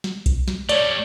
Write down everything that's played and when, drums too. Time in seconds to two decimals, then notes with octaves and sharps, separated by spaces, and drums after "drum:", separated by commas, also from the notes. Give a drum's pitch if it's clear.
0.04 drum: snare
0.26 drum: kick B1, hi-hat
0.48 drum: snare
0.69 G3 A3 C#5 D5, drum: hi-hat